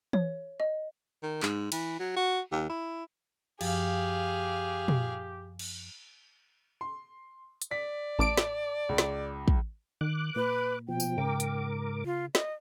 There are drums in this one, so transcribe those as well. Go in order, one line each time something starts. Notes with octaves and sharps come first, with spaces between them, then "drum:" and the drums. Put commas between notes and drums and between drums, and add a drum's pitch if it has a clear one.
C#5, drum: tom E3
D#5
D#3
G#2, drum: clap
E3, drum: cymbal
F#3
F#4
D#2
E4
F#2 F3 G4 G#4 F5, drum: cymbal
drum: tom
drum: cymbal
C6
drum: hi-hat
D5 B6
A1 A5 D6 D7
drum: snare
C#2
drum: snare
drum: kick
D#3 D6 F#6
A#2 B4
B2 F3 G5
drum: tambourine
G#2 C#3 A#4 D6
drum: hi-hat
F4
D#5, drum: snare